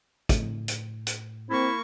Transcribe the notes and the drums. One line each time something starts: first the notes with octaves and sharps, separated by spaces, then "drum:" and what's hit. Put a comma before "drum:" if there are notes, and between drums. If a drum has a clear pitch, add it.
A2, drum: kick, hi-hat
drum: hi-hat
drum: hi-hat
A#3 C4 E4 C#6